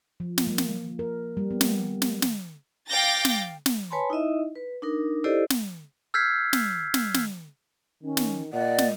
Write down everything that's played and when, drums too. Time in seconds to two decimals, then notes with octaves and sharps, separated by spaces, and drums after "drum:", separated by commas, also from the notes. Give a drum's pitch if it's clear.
0.20 F3
0.38 drum: snare
0.47 A#3
0.58 drum: snare
0.99 A#4
1.37 G3
1.51 B3
1.61 drum: snare
2.02 drum: snare
2.22 drum: snare
2.88 F5 G5 D6 G6 A6 A#6
3.25 drum: snare
3.66 drum: snare
3.90 B4 C#5 G#5 A5 B5 C6
4.10 D#4 E4 D#5 E5
4.55 B4
4.82 D4 D#4 A#4
5.24 E4 G4 A4 C5 D5 D#5
5.50 drum: snare
6.14 E6 F6 G6 G#6 B6 C7
6.53 drum: snare
6.94 drum: snare
7.14 drum: snare
8.03 D#3 C#4
8.17 drum: snare
8.53 A#2 D5 D#5 F#5
8.78 drum: snare